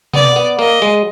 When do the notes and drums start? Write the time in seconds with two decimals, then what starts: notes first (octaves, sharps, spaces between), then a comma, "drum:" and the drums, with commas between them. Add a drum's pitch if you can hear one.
0.14 B3 D5, drum: tom B2
0.36 B3
0.59 A#3 D#5
0.82 G#3